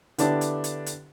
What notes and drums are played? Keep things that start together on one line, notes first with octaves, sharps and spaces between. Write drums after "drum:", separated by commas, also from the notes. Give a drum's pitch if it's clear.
D3 B3 D4 E4 G4, drum: hi-hat
drum: hi-hat
drum: hi-hat
drum: hi-hat